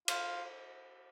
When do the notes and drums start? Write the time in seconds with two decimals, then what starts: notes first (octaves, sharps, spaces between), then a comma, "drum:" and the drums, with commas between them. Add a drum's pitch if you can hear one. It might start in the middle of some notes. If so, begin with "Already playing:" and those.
0.08 F4, drum: cymbal